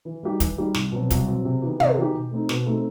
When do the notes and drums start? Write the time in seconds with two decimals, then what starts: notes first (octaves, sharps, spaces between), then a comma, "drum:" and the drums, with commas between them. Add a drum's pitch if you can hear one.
0.05 E3
0.23 G3 D#4 G4
0.40 E3, drum: kick, hi-hat
0.57 G3 D#4 G4
0.75 C2, drum: snare
0.92 B2 F#3 C4
1.10 C2, drum: kick, hi-hat
1.27 B2 F#3 C4
1.45 C3
1.62 E3 B3 D#4 G4
1.80 C3, drum: tom
1.97 E3 B3 D#4 G4
2.14 B2
2.31 A3 C4 D#4
2.49 B2, drum: snare
2.66 A3 C4 D#4